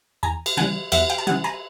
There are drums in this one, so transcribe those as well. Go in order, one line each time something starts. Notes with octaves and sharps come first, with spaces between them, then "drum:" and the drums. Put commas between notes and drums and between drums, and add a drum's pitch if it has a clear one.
E2 G#5 A#5
drum: cymbal
C#3 E3 G3 F#5 G#5
E2 E5 F#5, drum: cymbal
F5 G5
A5
C#3 E3 G3 F#5 G#5
G#5 A#5